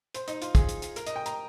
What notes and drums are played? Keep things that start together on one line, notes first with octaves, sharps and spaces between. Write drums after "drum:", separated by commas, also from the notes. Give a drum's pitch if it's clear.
C5, drum: hi-hat
D#4, drum: hi-hat
F4, drum: hi-hat
G#4, drum: kick, hi-hat
drum: hi-hat
drum: hi-hat
A#4, drum: hi-hat
D#5, drum: hi-hat
G5
A#5, drum: hi-hat